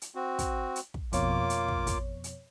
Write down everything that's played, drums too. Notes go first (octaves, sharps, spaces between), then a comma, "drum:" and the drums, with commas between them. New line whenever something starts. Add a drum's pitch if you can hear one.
drum: hi-hat
C4 F#4
drum: kick, hi-hat
drum: hi-hat
drum: kick
F2 B2 A#3 F4 C#5 D6, drum: kick, hi-hat
drum: hi-hat
drum: kick
drum: kick, hi-hat
drum: hi-hat